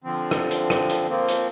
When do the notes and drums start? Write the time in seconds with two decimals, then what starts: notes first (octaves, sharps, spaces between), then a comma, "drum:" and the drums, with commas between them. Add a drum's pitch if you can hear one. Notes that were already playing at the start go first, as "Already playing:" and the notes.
0.04 D3 F3 C4
0.31 drum: rim click
0.51 drum: hi-hat
0.70 drum: rim click
0.90 drum: hi-hat
1.09 F3 A#3 C4
1.28 drum: hi-hat